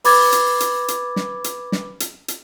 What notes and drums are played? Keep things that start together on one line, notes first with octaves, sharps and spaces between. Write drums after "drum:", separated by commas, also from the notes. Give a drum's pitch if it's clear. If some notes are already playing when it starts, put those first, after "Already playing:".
B4 B5 D6 G#6 A6, drum: open hi-hat
drum: hi-hat
drum: hi-hat
drum: hi-hat
drum: snare
drum: hi-hat
drum: snare
drum: hi-hat
drum: hi-hat